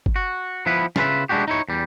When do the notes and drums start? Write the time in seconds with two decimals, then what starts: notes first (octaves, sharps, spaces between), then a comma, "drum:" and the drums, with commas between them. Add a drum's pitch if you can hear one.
0.06 drum: kick
0.16 F#4
0.66 F3 B3 E4 B4
0.96 C#3 F4 A4 B4 E5, drum: snare
1.29 G#3 D4 E4 F#4 G4
1.48 D#4 E4 C#5
1.69 E2 G3